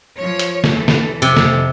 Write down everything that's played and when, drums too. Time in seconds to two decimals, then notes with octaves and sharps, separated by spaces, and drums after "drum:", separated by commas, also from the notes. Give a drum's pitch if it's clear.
0.15 F3 C#5
0.39 drum: hi-hat
0.64 drum: snare
0.74 D#2 E3 A4
0.88 drum: snare
1.22 F2 C3 A4
1.37 drum: snare